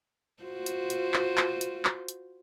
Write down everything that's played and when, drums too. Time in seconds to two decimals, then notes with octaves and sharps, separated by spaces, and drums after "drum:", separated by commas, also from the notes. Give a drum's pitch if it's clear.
0.43 F4 F#4 C5
0.66 drum: hi-hat
0.90 drum: hi-hat
1.14 drum: clap
1.37 drum: clap
1.61 drum: hi-hat
1.85 drum: clap
2.08 drum: hi-hat